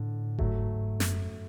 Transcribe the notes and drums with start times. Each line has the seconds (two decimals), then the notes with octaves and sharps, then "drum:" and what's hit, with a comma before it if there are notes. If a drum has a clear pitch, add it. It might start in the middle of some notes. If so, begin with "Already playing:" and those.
Already playing: A2 D3
0.39 G#2 F#3 A3, drum: kick F1
1.00 F#2, drum: snare